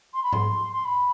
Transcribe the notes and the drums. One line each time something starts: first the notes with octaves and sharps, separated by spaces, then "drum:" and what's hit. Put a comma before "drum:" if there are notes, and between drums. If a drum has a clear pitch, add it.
C6
B5
C6, drum: tom G#2
C6
B5